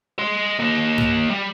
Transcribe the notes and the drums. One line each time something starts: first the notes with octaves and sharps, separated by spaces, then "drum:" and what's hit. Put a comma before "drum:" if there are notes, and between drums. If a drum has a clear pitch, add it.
D#5 C6
A#3 D#5
drum: tom G2
G3